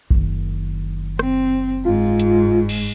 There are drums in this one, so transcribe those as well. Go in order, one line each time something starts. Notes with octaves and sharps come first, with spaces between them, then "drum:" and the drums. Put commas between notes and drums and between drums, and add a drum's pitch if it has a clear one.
F#1 D#3, drum: kick A#1
C4, drum: rim click
G#2 F4
drum: hi-hat
drum: cymbal